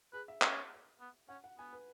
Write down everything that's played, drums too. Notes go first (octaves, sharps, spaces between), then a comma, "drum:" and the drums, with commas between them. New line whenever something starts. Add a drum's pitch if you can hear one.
G#4 B4
E5
C#4 F#5, drum: clap
B3
C#4 F#5
F#5
B3 G#5
B4